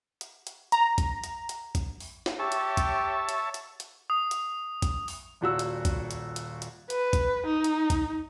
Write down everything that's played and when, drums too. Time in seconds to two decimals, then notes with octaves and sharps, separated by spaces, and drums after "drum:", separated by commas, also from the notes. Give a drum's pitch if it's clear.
0.21 drum: hi-hat
0.47 drum: hi-hat
0.72 A#5, drum: hi-hat
0.98 drum: kick, hi-hat
1.24 drum: hi-hat
1.49 drum: hi-hat
1.75 drum: kick, hi-hat
2.00 drum: open hi-hat
2.26 drum: snare
2.39 G4 C#5 E5 A5
2.52 drum: hi-hat
2.77 drum: kick, hi-hat
3.29 drum: hi-hat
3.54 drum: hi-hat
3.80 drum: hi-hat
4.10 D#6
4.31 drum: hi-hat
4.82 drum: kick, hi-hat
5.08 drum: open hi-hat
5.41 D#1 A#2 F#4 E6
5.59 drum: hi-hat
5.85 drum: kick, hi-hat
6.11 drum: hi-hat
6.36 drum: hi-hat
6.62 drum: hi-hat
6.90 B4, drum: hi-hat
7.13 drum: kick, hi-hat
7.46 D#4
7.64 drum: hi-hat
7.90 drum: kick, hi-hat